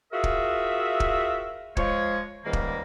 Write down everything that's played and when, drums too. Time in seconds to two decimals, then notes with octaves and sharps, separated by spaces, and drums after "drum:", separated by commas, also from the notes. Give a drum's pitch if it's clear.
0.12 F4 F#4 G#4 A#4 E5
0.24 drum: kick
1.00 drum: kick
1.77 F3 G#3 C#5, drum: kick
2.44 C#2 G#2 D#3 G3 A#3
2.53 drum: kick